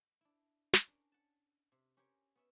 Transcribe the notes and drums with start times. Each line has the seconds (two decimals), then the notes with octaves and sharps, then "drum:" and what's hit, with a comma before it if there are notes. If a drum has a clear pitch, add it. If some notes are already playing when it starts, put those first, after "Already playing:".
0.21 D4 E4
0.73 drum: snare
0.87 C#4 D4 A#4
1.12 F#5 A5
1.72 C3
1.97 C#4 G4 A#4 C5 C#5 G#5
2.35 B3 C#4 E5